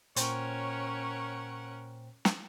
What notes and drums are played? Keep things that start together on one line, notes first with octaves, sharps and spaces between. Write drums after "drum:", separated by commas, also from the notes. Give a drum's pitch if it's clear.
A#2 C#4 A#4 C5 C#5 F#5 G5, drum: hi-hat
drum: snare